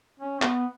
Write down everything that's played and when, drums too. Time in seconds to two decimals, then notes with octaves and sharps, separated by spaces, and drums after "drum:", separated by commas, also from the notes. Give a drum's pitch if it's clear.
0.20 C#4
0.42 B3, drum: clap